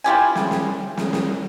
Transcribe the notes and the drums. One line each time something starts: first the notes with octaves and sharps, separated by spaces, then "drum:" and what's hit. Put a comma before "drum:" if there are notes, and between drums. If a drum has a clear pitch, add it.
E4 F4 G4 G#5
drum: snare
drum: snare
drum: snare
drum: snare